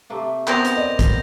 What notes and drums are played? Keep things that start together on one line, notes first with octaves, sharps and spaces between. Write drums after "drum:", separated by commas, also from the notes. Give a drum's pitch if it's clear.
C3 A3 A#3
B3 C4 A#4 G6 A#6 F7, drum: clap
drum: hi-hat
D5 D#5
drum: kick, hi-hat